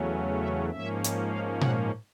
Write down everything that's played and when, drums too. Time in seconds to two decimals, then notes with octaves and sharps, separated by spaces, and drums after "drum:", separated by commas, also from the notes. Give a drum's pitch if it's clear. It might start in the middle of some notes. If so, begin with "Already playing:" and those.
Already playing: E2 C#3 F#3 A3 C#4
0.39 E5
0.70 G#2 F3 A#3 C#4 E5
1.04 drum: hi-hat
1.31 F5
1.61 F#5, drum: tom A#2